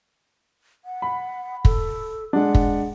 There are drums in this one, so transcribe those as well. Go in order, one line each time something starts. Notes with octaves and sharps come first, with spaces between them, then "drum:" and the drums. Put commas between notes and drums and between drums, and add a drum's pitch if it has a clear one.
F#5
B5
A4, drum: kick
G#3 D4 F#5
drum: kick